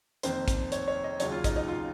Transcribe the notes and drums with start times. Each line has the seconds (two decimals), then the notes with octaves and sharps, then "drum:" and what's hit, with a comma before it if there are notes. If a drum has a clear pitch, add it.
0.23 F1 F2 D#3 A#3 C5, drum: hi-hat
0.48 drum: kick, hi-hat
0.72 C#5, drum: hi-hat
0.88 C#5
1.04 D#5
1.20 D#2 C#3 F#3 C#5, drum: hi-hat
1.32 F4
1.44 D#4, drum: kick, hi-hat
1.56 D#4
1.68 F4